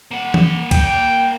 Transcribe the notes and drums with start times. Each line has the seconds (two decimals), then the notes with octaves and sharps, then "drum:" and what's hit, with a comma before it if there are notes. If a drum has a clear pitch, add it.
0.11 A#3 F#5
0.34 drum: tom E3
0.71 G5, drum: kick, cymbal